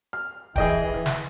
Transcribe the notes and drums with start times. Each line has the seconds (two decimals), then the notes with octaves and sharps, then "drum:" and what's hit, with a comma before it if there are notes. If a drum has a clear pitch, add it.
0.13 F6
0.56 E3 G#4 D#5 G5, drum: kick
1.06 drum: snare